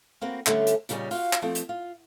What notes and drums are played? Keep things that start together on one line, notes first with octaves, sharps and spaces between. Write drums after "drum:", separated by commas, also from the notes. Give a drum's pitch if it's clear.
A#3 C4 F#4 B4
D3 G3 A3 C#4, drum: clap
drum: hi-hat
A#2 C#3 G3 G#4 C#5 D#5, drum: hi-hat
F4 F#4 F5, drum: open hi-hat
drum: clap
F3 A3 C4
drum: hi-hat
F4